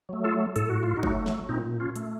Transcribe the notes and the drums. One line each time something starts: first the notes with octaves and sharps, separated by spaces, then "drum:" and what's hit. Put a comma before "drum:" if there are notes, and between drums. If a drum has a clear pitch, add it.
F#3 A3
F4 A4
A2 A4, drum: hi-hat
F#4
F4
D#4 F#4
F#3 A3, drum: kick
drum: snare
A#2 C4 D#4
C#4 F4
A3, drum: hi-hat